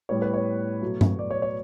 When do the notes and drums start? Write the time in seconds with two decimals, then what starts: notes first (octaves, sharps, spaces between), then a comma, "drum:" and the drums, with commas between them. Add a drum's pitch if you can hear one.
0.09 A2 G3 B3 C#5
0.22 B4
0.34 C#5
0.82 B2 F#3 A3
1.01 drum: tom G2
1.19 D5
1.31 C#5
1.42 C#5